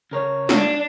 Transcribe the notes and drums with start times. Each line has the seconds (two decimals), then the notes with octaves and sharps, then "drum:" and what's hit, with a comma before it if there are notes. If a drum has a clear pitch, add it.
0.11 C#3 A#4 C#5
0.49 D4, drum: snare